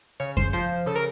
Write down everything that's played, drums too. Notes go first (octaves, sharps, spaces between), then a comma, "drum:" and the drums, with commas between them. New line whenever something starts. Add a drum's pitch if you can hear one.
C#3 C#5
C5, drum: kick F#2
F3 C5
C#3 A4
A#4